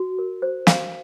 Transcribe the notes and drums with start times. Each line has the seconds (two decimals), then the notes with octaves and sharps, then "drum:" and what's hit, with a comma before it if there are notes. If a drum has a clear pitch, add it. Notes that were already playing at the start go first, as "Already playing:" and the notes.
Already playing: F#4
0.18 A#4
0.42 C5
0.67 F5, drum: snare